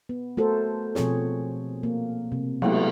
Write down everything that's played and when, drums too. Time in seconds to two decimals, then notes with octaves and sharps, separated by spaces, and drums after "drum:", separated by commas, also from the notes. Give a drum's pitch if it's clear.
0.09 B3
0.37 A3 F#4 A4 A#4 C5
0.95 B2 F3 C4 G#4 C#5, drum: snare
1.83 A#3
2.32 C3
2.62 F#3 G#3 A3 B3 E4, drum: cymbal